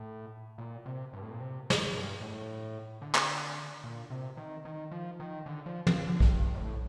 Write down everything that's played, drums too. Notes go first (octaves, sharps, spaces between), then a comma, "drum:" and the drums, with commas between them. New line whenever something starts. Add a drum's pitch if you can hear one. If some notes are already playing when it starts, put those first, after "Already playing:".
Already playing: A2
A#2
C3
G2
A2
A#2
C3
drum: snare
G2
A2
D3
drum: clap
A#2
C3
D#3
D#3
F3
D#3
D3
F3
F3, drum: tom
D3
F2, drum: kick A#1
G2
A2